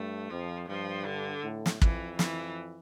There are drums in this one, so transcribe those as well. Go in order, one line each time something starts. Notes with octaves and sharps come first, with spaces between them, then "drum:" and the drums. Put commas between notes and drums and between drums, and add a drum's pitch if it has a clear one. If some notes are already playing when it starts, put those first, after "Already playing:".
Already playing: G2 A3
F2 F3
G2 F3
D3
A2
drum: snare
F2 E3, drum: kick
E3, drum: snare